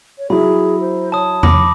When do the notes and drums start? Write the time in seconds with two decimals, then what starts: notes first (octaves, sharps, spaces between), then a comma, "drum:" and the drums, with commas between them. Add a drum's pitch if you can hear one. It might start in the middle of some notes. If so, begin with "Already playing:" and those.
0.18 C#5
0.30 F#3 E4 G#4 B5
0.81 C5
1.12 C#5 A5 D#6
1.43 B5 D6 A#6, drum: tom E2